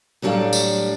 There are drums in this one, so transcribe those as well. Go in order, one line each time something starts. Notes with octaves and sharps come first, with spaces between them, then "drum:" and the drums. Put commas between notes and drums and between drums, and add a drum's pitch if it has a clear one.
A2 F#3 G3 D4 A4 F5
drum: tambourine